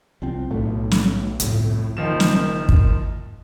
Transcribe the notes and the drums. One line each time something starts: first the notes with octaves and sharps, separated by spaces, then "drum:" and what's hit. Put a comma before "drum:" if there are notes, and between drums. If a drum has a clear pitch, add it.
C2 F3 C4
B1 A2 A3
drum: snare
G1 C2 F2 A2, drum: hi-hat
F#1 D#3 F3 E7
drum: snare
drum: kick